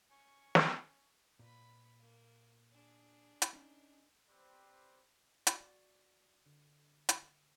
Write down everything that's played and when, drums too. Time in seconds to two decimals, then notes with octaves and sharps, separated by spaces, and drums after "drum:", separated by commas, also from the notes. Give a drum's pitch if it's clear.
0.10 C#4 G#5 C#6
0.55 drum: snare
1.39 A#2 B4 B5
1.99 A#3
2.72 D4 G#4
3.42 drum: hi-hat
3.53 C#4 D#4
4.29 C4 G4 B4 C5 D5
5.47 F#4 D5, drum: hi-hat
6.46 D3
7.09 drum: hi-hat